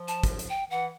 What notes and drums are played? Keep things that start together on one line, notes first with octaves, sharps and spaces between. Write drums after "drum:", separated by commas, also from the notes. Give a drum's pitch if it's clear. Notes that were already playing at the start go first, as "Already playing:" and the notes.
Already playing: F3
A5, drum: hi-hat
drum: kick, hi-hat
drum: hi-hat
G5
E3 F#5